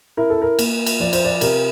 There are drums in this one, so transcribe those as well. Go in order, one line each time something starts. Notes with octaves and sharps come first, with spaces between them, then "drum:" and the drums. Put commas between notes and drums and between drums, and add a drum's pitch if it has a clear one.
E4 A#4
A4
A#4
A#3, drum: cymbal
drum: cymbal
F3 D5
C5, drum: cymbal
D5
C3 A#4, drum: cymbal